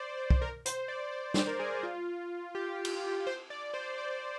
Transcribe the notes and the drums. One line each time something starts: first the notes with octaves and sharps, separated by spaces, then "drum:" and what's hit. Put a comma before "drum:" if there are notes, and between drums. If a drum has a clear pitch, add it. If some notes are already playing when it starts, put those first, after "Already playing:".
Already playing: C5 D5
C5
drum: kick
A#4
C5, drum: hi-hat
D5
C5
C5, drum: snare
A#4
G#4
F4
G4
drum: cymbal
C5
D5
C5
D5